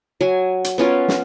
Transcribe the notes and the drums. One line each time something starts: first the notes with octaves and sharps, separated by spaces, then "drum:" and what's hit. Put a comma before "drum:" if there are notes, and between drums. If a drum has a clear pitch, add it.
F#3 G#5
drum: hi-hat
B3 C#4 F4 A#4
drum: snare